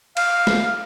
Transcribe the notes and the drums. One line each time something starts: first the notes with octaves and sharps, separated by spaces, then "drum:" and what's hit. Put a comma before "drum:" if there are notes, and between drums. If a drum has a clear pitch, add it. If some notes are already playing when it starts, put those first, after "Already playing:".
F5, drum: cymbal
drum: snare